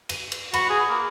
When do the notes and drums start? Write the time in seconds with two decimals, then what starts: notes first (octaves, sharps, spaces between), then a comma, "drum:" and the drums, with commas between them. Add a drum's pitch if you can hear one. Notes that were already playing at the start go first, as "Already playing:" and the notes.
0.09 D#7, drum: cymbal
0.32 drum: cymbal
0.54 F#4 B5, drum: cymbal
0.70 G#4
0.89 A#3